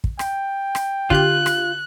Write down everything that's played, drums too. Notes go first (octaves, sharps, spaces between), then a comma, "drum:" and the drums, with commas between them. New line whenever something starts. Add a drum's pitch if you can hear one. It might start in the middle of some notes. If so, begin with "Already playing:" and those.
drum: kick
G5, drum: rim click
drum: rim click
D3 F4 G4 F#6 G6, drum: kick
drum: rim click